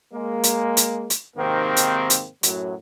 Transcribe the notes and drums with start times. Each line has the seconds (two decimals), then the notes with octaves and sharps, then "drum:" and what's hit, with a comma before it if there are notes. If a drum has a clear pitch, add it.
0.13 G#3 A#3
0.44 drum: hi-hat
0.77 drum: hi-hat
1.10 drum: hi-hat
1.37 G#2 C3 D#3 A#3 C4
1.77 drum: hi-hat
2.10 drum: hi-hat
2.43 F#2 A2 F#3, drum: hi-hat